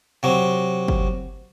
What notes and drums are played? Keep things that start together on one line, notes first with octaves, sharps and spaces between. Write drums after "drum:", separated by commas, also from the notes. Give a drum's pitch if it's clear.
C3 F#3
drum: kick G1